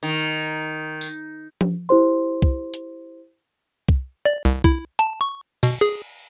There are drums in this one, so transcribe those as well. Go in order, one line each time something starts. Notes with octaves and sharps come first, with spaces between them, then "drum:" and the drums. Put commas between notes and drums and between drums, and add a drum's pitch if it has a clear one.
D#3
drum: tambourine
drum: tom F3
E4 G4 C5 C6
drum: kick
drum: hi-hat
drum: kick
D5
C2
E4, drum: kick
A5, drum: hi-hat
C#6
B2, drum: cymbal
G#4